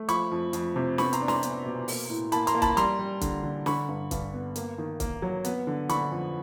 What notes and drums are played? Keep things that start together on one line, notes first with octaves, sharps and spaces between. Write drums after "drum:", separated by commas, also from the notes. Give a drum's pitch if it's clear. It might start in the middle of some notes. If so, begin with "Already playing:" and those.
Already playing: A3
F3 B5 C#6, drum: hi-hat
F2
F2, drum: hi-hat
C3
B3 B5 C#6, drum: snare
A#5 C6, drum: hi-hat
D4
A#5 C6, drum: snare
B3, drum: hi-hat
B2
A#3, drum: open hi-hat
A2
A#3 A5 B5, drum: hi-hat
A#5 C6, drum: hi-hat
A#3
A5 B5, drum: kick, hi-hat
G3 A#5 C6, drum: hi-hat
G3
D3, drum: kick, hi-hat
D3
D3 B5 C#6, drum: snare
G2
G2, drum: kick, hi-hat
B3
A#3, drum: hi-hat
D#3
A#3, drum: kick, hi-hat
F#3
B3, drum: hi-hat
D3
D3 B5 C#6, drum: hi-hat
F2